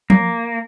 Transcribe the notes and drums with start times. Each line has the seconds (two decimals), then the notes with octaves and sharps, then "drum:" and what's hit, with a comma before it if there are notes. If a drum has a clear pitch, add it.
0.10 A#3, drum: tom